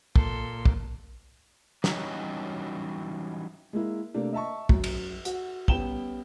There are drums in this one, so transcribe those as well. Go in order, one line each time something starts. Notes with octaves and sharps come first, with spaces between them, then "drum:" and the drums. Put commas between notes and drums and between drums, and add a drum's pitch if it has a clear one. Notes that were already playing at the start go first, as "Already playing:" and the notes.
A#2 A4 C6, drum: kick
drum: kick
E3 F#3 G3 C#4 D#4 F#4, drum: snare
G#3 A#3 E4
C3 A3 A#3 D4
D#5 E5 A5 C#6
F#2, drum: kick
drum: cymbal
F#4, drum: hi-hat
G3 B3 C#4 G5 E7 G7, drum: kick